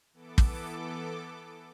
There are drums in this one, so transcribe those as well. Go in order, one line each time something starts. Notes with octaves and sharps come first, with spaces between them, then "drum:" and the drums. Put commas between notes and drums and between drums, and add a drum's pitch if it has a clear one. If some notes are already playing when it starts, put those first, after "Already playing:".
E3 B3 A4 D6
drum: kick